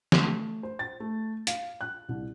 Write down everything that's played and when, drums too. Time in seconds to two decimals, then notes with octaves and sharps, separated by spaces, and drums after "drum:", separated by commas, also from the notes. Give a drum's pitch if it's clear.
0.12 A3, drum: snare
0.63 C5
0.79 A6
1.00 A3
1.47 F5, drum: hi-hat
1.81 F#6
2.09 C2